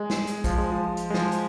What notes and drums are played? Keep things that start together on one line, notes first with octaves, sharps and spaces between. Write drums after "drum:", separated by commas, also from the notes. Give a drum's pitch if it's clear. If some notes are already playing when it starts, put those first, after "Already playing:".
Already playing: G#3
drum: snare
drum: hi-hat
F3, drum: kick, hi-hat
G#3
F3
drum: hi-hat
G#3
F3, drum: snare
drum: hi-hat